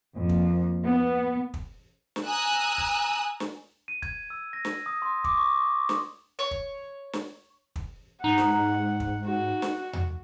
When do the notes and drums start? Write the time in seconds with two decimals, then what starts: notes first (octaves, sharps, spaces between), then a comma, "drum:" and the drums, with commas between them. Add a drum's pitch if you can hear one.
0.16 F2 A#3
0.29 drum: kick
0.84 B3
1.54 drum: kick
2.16 drum: snare
2.25 G#5 A#5 D#6 E6 F#6
2.78 drum: kick
3.40 drum: snare
3.88 D#7
4.02 G#6, drum: kick
4.30 E6
4.53 A#6
4.65 drum: snare
4.86 D#6
5.02 C6
5.24 D6, drum: kick
5.38 C#6
5.89 drum: snare
6.39 C#5
6.51 drum: kick
7.13 drum: snare
7.76 drum: kick
8.24 G#2 D#4 F#5
8.38 drum: snare
9.00 drum: kick
9.26 F#4
9.62 drum: snare
9.93 drum: tom E2